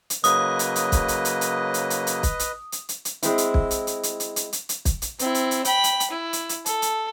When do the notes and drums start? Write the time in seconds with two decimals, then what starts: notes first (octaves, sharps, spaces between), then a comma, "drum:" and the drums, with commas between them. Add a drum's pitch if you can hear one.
0.10 drum: hi-hat
0.24 C#3 F#3 A#3 B4 D#5 D#6, drum: hi-hat
0.59 drum: hi-hat
0.76 drum: hi-hat
0.92 drum: kick, hi-hat
1.08 drum: hi-hat
1.25 drum: hi-hat
1.41 drum: hi-hat
1.74 drum: hi-hat
1.90 drum: hi-hat
2.07 drum: hi-hat
2.23 drum: kick, hi-hat
2.39 drum: hi-hat
2.72 drum: hi-hat
2.89 drum: hi-hat
3.05 drum: hi-hat
3.23 G#3 C4 E4, drum: hi-hat
3.38 drum: hi-hat
3.54 drum: kick
3.71 drum: hi-hat
3.87 drum: hi-hat
4.03 drum: hi-hat
4.20 drum: hi-hat
4.36 drum: hi-hat
4.53 drum: hi-hat
4.69 drum: hi-hat
4.85 drum: kick, hi-hat
5.02 drum: hi-hat
5.19 C4 E4, drum: hi-hat
5.35 drum: hi-hat
5.51 drum: hi-hat
5.65 G5 B5, drum: hi-hat
5.84 drum: hi-hat
6.00 drum: hi-hat
6.10 E4
6.33 drum: hi-hat
6.49 drum: hi-hat
6.66 A4, drum: hi-hat
6.82 drum: hi-hat